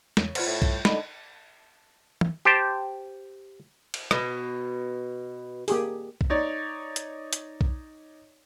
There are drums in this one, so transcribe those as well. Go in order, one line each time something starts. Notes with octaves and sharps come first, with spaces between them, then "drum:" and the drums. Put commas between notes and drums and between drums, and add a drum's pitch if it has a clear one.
E2 C#3, drum: snare
F4 B4 C5 F#5, drum: cymbal
A2 E4
G2 G5, drum: kick A#1
D3 D#4 D#5 B5, drum: snare
drum: tom
G4 C5 G5 A5
drum: cymbal
B2, drum: rim click
A#3 G4 G#4, drum: open hi-hat
drum: kick A#1
D#4 C#5 D5
drum: hi-hat
drum: hi-hat
drum: kick A#1